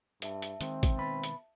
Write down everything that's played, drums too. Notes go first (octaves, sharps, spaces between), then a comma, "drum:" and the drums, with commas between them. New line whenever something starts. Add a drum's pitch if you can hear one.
G2 E5 A5, drum: hi-hat
drum: hi-hat
D#3 G#3 C4, drum: hi-hat
drum: kick, hi-hat
B2 B4
drum: hi-hat